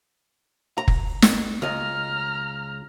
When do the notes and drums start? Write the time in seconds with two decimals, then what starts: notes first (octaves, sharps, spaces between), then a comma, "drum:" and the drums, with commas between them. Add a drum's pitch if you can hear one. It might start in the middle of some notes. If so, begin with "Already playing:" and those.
0.78 A#5
0.88 drum: kick F1
1.22 drum: snare
1.62 C#2 D#5 A#5 F6